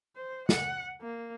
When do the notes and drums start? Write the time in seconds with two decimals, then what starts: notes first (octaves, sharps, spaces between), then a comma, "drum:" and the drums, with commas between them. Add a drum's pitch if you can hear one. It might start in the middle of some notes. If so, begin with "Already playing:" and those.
0.16 C5
0.49 F#5, drum: snare
1.02 A#3